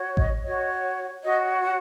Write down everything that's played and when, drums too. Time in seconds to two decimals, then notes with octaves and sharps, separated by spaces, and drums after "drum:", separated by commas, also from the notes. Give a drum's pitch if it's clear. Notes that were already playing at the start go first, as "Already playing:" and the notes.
Already playing: F#4 C#5
0.17 D#5, drum: kick A1
0.43 F#4 C#5 D#5
1.22 F#4 C#5 D#5
1.61 F#5